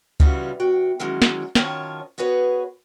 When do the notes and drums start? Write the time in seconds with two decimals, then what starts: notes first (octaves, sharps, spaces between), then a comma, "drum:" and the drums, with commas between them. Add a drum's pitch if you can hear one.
0.20 C#3 E3 G3 C#4 F4 F#4, drum: kick C#2
0.60 E2 F#4 G5
1.00 D#3 E3 F#3 G#3 C#4
1.22 drum: snare
1.55 F#2 D#3 C#4 F4 C#5 A5, drum: snare
2.18 B3 F#4 G#4 B4 C#5